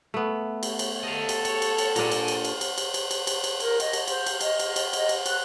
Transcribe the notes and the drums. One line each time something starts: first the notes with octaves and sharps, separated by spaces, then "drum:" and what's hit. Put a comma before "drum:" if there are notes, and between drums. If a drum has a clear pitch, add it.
A3 B3
drum: cymbal
drum: cymbal
A4 D#5 F5
drum: cymbal
C#5, drum: cymbal
drum: cymbal
drum: cymbal
A#2 D4 G#5 A#5, drum: cymbal
drum: cymbal
drum: cymbal
drum: cymbal
drum: cymbal
drum: cymbal
drum: cymbal
drum: cymbal
drum: cymbal
drum: cymbal
A#4, drum: cymbal
D#5, drum: cymbal
drum: cymbal
C5, drum: cymbal
drum: cymbal
D#5, drum: cymbal
drum: cymbal
drum: cymbal
D#5, drum: cymbal
drum: cymbal
F#6, drum: cymbal